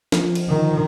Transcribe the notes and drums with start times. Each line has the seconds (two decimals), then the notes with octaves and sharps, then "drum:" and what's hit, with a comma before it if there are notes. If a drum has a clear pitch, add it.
0.12 F3, drum: snare
0.35 drum: cymbal
0.49 D#3